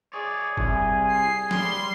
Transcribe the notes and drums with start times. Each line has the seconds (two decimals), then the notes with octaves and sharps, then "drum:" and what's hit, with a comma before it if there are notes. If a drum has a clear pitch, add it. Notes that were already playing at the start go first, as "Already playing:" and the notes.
0.13 G#4 C#5 D5
0.57 C2 G#5, drum: kick
1.11 C7
1.51 G3 C6, drum: snare F#3